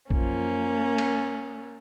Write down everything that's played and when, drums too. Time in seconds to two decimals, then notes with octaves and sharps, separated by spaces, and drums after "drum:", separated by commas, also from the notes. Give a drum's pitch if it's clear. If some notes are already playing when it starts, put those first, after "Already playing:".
0.10 F#2 F3 A#3 C#4, drum: kick A#1
0.98 drum: cymbal